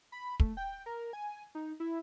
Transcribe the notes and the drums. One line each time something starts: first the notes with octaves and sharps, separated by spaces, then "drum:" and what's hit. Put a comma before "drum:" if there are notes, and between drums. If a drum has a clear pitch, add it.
B5
A3, drum: kick
G5
A#4
G#5
D#4
E4